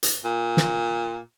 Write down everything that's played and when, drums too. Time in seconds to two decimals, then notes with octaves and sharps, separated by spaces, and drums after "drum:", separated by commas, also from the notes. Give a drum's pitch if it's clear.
0.03 drum: hi-hat
0.25 A#2
0.57 drum: snare